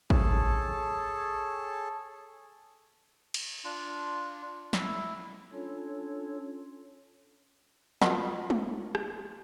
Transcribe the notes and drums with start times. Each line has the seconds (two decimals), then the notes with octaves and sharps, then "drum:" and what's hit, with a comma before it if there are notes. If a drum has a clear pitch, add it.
0.10 G#4 A4 C#5 A5, drum: kick
3.34 drum: cymbal
3.64 D4 F4
4.73 E4, drum: snare
5.52 C#4 D4 F4 A4 C#5
8.02 F3 F#3 A#3, drum: snare
8.50 drum: tom
8.95 drum: rim click